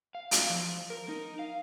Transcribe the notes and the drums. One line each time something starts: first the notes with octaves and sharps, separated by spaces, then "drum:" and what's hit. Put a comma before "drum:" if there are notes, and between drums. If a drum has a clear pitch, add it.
F5
drum: hi-hat
F3
A#4
D#4
F5